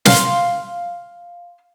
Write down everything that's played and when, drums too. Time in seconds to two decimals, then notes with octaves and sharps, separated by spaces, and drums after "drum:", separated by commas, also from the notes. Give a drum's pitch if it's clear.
0.05 F5 C6 F6, drum: snare